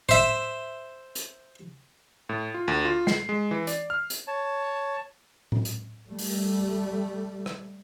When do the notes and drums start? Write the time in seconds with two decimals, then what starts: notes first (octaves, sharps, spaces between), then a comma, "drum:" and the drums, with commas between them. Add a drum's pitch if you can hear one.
0.09 C5 E5, drum: tom A2
1.15 drum: hi-hat
2.29 A2
2.54 F4
2.68 D2
2.85 F4
3.07 C7, drum: snare
3.29 G#3
3.51 E3
3.67 D5, drum: hi-hat
3.90 F6
4.10 drum: hi-hat
4.27 C#5 A5
5.52 drum: tom A2
5.65 drum: hi-hat
6.06 G3 A3
6.19 drum: open hi-hat
7.46 drum: rim click